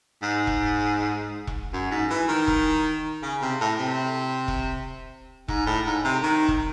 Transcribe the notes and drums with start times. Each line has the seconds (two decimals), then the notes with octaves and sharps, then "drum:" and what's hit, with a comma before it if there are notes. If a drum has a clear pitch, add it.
0.22 G#2
0.47 drum: kick E1
1.47 drum: kick E1
1.73 F#2
1.91 G#2
2.10 E3
2.28 D#3
2.48 drum: kick E1
3.22 C#3
3.42 C3
3.61 A2
3.79 C3
4.48 drum: kick E1
5.48 G#2, drum: kick E1
5.66 A2
5.85 G#2
6.04 C3
6.23 D#3
6.48 drum: kick E1